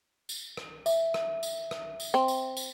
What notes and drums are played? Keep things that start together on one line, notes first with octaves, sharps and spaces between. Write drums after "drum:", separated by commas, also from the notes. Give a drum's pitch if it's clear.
drum: tambourine
drum: rim click
E5, drum: tambourine
drum: rim click
drum: tambourine
drum: rim click
drum: tambourine
C4
drum: tambourine
drum: tambourine